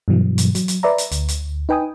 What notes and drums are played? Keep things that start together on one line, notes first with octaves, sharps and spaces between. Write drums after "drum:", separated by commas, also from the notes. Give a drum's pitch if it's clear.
G2 B2 E3 F#3
drum: hi-hat
F#3, drum: hi-hat
drum: hi-hat
B4 D5 E5 A#5
drum: hi-hat
D2, drum: hi-hat
drum: hi-hat
D#4 B4 G5 G#5 D#6